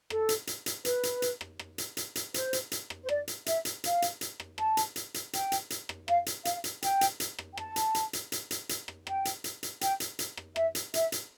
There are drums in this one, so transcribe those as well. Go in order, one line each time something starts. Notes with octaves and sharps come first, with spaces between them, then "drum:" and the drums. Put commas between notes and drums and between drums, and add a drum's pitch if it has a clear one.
A4, drum: rim click
drum: hi-hat
drum: hi-hat
drum: hi-hat
B4, drum: hi-hat
drum: hi-hat
drum: hi-hat
drum: rim click
drum: rim click
drum: hi-hat
drum: hi-hat
drum: hi-hat
C5, drum: hi-hat
drum: hi-hat
drum: hi-hat
drum: rim click
C5
D5, drum: rim click
drum: hi-hat
E5, drum: hi-hat
drum: hi-hat
F5, drum: hi-hat
drum: hi-hat
drum: hi-hat
drum: rim click
A5, drum: rim click
drum: hi-hat
drum: hi-hat
drum: hi-hat
G5, drum: hi-hat
drum: hi-hat
drum: hi-hat
drum: rim click
F5, drum: rim click
drum: hi-hat
F5, drum: hi-hat
drum: hi-hat
G5, drum: hi-hat
drum: hi-hat
drum: hi-hat
drum: rim click
G5
A5, drum: rim click
drum: hi-hat
drum: hi-hat
drum: hi-hat
drum: hi-hat
drum: hi-hat
drum: hi-hat
drum: rim click
G5, drum: rim click
drum: hi-hat
drum: hi-hat
drum: hi-hat
G5, drum: hi-hat
drum: hi-hat
drum: hi-hat
drum: rim click
E5, drum: rim click
drum: hi-hat
E5, drum: hi-hat
drum: hi-hat